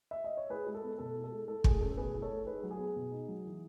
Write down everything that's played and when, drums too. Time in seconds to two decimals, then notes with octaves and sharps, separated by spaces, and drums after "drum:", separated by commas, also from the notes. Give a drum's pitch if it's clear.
0.11 E5
0.24 D#5
0.37 C#5
0.50 E4 G#4 B4
0.67 G#3
0.75 A4
0.83 B3
0.99 B2 A4
1.16 E4
1.24 A4
1.32 G#3
1.48 E4 A4
1.64 A3 G#4, drum: kick
1.81 C#4 A4
1.91 A4
1.97 B2 G#4 B4
2.14 E4
2.22 A4 C#5
2.30 A3
2.47 D#4 G#4 B4
2.63 F#3
2.71 G#4
2.79 B3
2.96 B2
3.11 D#4
3.28 F#3
3.45 E3